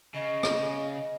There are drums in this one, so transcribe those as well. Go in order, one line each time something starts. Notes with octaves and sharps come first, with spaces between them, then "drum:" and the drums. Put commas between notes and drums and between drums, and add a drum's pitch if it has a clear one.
C#3 D#5
drum: rim click